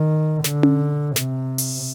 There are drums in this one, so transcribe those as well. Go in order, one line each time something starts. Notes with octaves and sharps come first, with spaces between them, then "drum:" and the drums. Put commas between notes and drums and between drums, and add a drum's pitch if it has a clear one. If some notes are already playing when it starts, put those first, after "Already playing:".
Already playing: D#3
D3, drum: snare
drum: tom C#4
C3, drum: snare
drum: open hi-hat